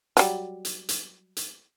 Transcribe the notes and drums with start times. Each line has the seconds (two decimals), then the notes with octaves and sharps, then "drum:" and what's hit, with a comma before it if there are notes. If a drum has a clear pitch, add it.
0.17 F#3 G3, drum: hi-hat
0.65 drum: hi-hat
0.89 drum: hi-hat
1.37 drum: hi-hat